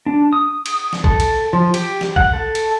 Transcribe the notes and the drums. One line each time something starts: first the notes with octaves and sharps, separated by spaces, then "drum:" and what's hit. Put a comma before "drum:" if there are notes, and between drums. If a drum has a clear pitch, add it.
D4
D#6
drum: cymbal
drum: snare
A4, drum: kick A#1
drum: cymbal
F3
G4, drum: cymbal
drum: snare
F#5, drum: kick A#1
A4
drum: cymbal